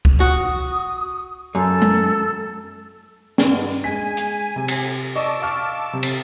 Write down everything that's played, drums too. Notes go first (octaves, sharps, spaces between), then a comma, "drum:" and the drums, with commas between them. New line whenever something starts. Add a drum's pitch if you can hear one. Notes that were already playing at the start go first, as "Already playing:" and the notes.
drum: kick
F#4 D#6
F#2 A4
drum: tom G#3
G2 B2 D3 D#3, drum: snare
drum: tambourine
G#3 G#5 B6
drum: hi-hat
C3
drum: cymbal
D5 D#5 A5 C#6 D6 E6
F5 C#6 F6
C3
drum: cymbal